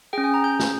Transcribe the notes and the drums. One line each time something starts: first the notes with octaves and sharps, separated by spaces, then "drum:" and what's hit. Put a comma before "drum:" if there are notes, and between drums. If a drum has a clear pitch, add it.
C#4 G#4 G5
G#5
A#5
G6
drum: snare